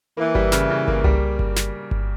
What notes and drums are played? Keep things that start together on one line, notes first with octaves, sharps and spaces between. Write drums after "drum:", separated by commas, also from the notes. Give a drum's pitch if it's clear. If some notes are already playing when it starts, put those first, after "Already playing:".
E3 A#3
G3, drum: kick G1
C#3, drum: snare
C#3
A#3, drum: kick G1
G3, drum: tom C2
drum: kick G1
drum: snare
drum: kick G1